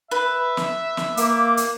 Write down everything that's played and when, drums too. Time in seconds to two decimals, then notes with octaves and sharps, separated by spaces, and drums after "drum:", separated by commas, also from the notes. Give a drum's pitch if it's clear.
0.11 B4 E5
0.57 drum: snare
0.97 drum: snare
1.17 A#3 D6, drum: hi-hat
1.57 drum: hi-hat